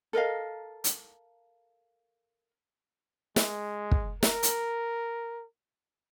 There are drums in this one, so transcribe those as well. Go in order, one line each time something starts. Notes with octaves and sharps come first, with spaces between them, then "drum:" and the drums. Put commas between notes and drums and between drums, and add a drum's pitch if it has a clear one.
A4 A#4 D#5 F5
drum: hi-hat
G#3, drum: snare
drum: kick
A#4, drum: snare
drum: hi-hat